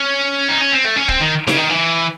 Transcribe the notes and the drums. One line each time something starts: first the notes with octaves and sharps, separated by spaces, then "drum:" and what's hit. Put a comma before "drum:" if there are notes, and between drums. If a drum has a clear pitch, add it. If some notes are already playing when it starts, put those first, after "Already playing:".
Already playing: C#4
D#4
C#4
C4
A3
C#4
C4, drum: kick
D#3
C#3, drum: snare D#4
D#3
E3